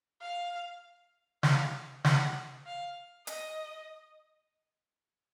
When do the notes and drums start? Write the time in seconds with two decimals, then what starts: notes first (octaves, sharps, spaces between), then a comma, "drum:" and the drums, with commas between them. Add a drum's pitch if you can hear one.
0.21 F5
1.43 F5, drum: snare
2.04 F#5, drum: snare
2.66 F5
3.27 D#5, drum: hi-hat